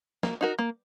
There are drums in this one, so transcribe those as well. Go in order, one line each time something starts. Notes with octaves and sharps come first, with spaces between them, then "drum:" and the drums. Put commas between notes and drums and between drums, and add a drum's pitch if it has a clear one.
A#3, drum: snare
D#4 F#4 A#4
A#3